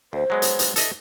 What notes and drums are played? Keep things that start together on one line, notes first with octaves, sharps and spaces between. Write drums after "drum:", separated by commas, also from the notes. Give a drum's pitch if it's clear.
D2 C5
F#3 G#3 B3
drum: hi-hat
drum: hi-hat
A4 D#5 E5, drum: hi-hat